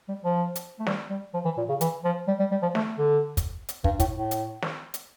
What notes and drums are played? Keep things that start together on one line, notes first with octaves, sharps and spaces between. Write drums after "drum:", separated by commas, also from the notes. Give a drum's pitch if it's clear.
G3
F3
drum: hi-hat
A3
G3, drum: snare
G3
F3
E3
A#2
C#3
E3, drum: hi-hat
F3
G3
G3
G3
F3
A3, drum: snare
D3
drum: kick, hi-hat
drum: hi-hat
G2, drum: kick
A2, drum: kick, hi-hat
A2
drum: hi-hat
drum: snare
drum: hi-hat